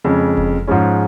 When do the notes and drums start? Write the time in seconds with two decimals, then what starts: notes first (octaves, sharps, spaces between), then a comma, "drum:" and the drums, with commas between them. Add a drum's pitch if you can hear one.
0.04 F2 C#3 G#3
0.37 drum: kick F1
0.67 G#2 F3 G#3 C#4